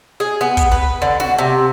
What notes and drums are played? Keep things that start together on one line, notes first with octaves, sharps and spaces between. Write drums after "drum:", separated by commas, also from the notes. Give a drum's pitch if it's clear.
G#4
B3
drum: kick, hi-hat
B4
D3
F#4, drum: snare
C3